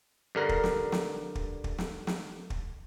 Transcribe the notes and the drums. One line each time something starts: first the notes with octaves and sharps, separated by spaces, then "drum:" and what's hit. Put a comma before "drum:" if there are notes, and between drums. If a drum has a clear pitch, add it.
G2 D3 A#4
drum: kick
drum: snare
drum: snare
drum: kick
drum: kick
drum: snare
drum: snare
drum: kick